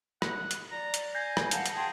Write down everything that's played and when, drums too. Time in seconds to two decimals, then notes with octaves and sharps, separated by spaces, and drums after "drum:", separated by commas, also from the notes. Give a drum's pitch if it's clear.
0.22 F#5, drum: rim click
0.51 drum: hi-hat
0.71 D5 A#5
0.94 drum: hi-hat
1.15 G#5 G6 A#6 C7
1.37 drum: rim click
1.51 F5 F#5 A5, drum: hi-hat
1.66 drum: hi-hat
1.75 G#4 G5 A5 C6